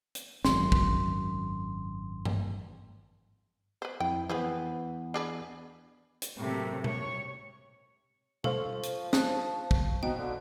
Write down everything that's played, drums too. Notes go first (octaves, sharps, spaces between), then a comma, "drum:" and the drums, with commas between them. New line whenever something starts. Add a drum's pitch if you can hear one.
drum: hi-hat
G#1 F#2 C6, drum: snare
drum: kick
drum: tom G2
B4 C5
F2 E4 G5
E3 B3 G#4 B4 C5
D4 G#4 B4
drum: hi-hat
A2 C3 F#3 A3 A#3
C#5 C#6, drum: tom
F3 A4 C5 F5 C#6, drum: tom
drum: hi-hat
A5 D#6 F#6, drum: snare
drum: kick
B2 D#4 G5
D3